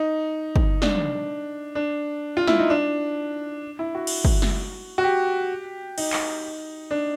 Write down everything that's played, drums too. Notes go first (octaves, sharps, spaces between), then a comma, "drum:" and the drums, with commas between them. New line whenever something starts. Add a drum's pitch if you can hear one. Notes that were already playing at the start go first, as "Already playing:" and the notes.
Already playing: D#4
drum: kick
D4, drum: snare
drum: tom
D4
F4
E4, drum: snare
D#4
D4
E4
F#4
drum: cymbal
drum: kick
drum: snare
F#4
G4
D#4, drum: cymbal
drum: clap
D4